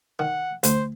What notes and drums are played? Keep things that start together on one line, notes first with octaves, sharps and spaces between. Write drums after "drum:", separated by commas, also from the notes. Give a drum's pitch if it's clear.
D#3 F#5
D2 C5, drum: hi-hat